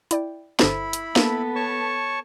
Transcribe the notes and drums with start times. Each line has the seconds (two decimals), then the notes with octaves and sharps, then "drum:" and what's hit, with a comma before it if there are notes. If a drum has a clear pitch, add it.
0.11 E4 D5 G5, drum: hi-hat
0.59 G1 E4 A4 C5 B5, drum: snare
0.93 drum: hi-hat
1.16 A#3 B3 A4 B4, drum: snare
1.55 C#5 A5 C#6